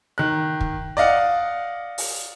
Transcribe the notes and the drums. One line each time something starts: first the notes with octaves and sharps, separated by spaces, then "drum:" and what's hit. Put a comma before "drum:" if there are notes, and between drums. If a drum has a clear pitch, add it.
D#3 F#6
drum: kick
D5 D#5 F5 F#5
drum: open hi-hat